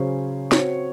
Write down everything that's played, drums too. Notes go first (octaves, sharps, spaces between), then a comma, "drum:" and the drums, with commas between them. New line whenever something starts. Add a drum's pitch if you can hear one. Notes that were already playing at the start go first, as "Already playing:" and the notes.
Already playing: C#3 F#3 C#4 G#4 C5
C4 F#4 C#5, drum: snare